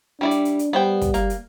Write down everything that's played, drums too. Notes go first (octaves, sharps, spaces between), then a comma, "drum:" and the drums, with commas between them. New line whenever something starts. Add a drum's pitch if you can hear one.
G3 D4 E4 D5
drum: hi-hat
drum: hi-hat
drum: hi-hat
G3 B3 C5 G5
drum: kick, hi-hat
A#3, drum: hi-hat
drum: hi-hat